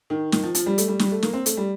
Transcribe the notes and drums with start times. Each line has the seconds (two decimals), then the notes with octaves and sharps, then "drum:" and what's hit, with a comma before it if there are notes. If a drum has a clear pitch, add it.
0.10 D#3
0.32 D#3, drum: snare
0.43 F3
0.55 F3, drum: hi-hat
0.66 G3
0.78 A3, drum: hi-hat
0.88 G3
0.99 G3, drum: snare
1.12 A3
1.23 A#3, drum: snare
1.33 C4
1.46 A3, drum: hi-hat
1.57 G3